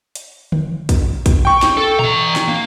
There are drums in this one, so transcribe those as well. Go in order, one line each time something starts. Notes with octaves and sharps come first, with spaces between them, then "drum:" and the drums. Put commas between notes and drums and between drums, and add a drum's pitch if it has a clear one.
drum: hi-hat
drum: tom D3
drum: kick, hi-hat
drum: kick, hi-hat
G5 C#6
drum: snare
A4
E3 A#5, drum: tom A#2
drum: snare
A#3